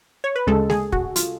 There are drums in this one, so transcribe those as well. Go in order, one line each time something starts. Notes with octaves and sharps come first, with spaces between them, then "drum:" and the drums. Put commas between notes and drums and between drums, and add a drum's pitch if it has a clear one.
C#5
B4
D2 C#3 G#3 A4
G#4, drum: snare G#3
F#4, drum: kick
F4, drum: hi-hat